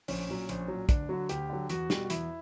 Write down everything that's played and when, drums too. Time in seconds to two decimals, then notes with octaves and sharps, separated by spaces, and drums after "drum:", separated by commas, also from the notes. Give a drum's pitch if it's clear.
0.08 A#1 C#4, drum: open hi-hat
0.29 A#2 F#3
0.49 A#1, drum: hi-hat
0.68 A#2 F#3
0.89 D2 D4, drum: kick, hi-hat
1.09 D3 F#3 F#4
1.29 D2 G4, drum: hi-hat
1.50 D3 F#3
1.69 E2 F#4, drum: hi-hat
1.90 B2 G3, drum: snare
2.05 F#4
2.10 E2 E4, drum: hi-hat